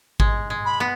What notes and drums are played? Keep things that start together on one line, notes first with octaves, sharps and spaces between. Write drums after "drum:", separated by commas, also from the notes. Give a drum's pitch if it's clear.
G#3, drum: kick G#1
G#3
B5
B3